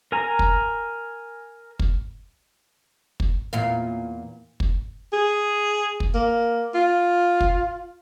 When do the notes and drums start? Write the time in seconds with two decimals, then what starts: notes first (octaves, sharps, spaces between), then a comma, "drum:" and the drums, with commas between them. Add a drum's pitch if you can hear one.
0.12 A#4 G#5 A#5
0.39 drum: kick
1.79 drum: kick
3.20 drum: kick
3.53 E2 A#2 F5
4.60 drum: kick
5.13 G#4
6.00 drum: kick
6.14 A#3
6.74 F4
7.41 drum: kick